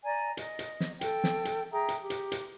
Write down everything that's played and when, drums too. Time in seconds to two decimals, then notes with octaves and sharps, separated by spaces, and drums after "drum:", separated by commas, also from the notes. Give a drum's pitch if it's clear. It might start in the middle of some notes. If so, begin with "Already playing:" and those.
0.04 D5 G#5 A#5
0.37 D#5, drum: hi-hat
0.59 drum: hi-hat
0.80 drum: snare
1.01 A4 G5, drum: hi-hat
1.24 drum: snare
1.45 drum: hi-hat
1.72 G#4 E5 G5 A#5
1.88 drum: hi-hat
2.00 G4
2.10 drum: hi-hat
2.32 drum: hi-hat